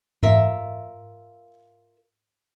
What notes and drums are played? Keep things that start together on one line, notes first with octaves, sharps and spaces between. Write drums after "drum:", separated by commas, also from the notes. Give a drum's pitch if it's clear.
F4 A#4 E5, drum: tom G#2